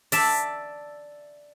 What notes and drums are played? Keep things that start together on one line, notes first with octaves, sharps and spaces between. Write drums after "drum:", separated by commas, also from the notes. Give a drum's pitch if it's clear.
D5 E5 A5, drum: open hi-hat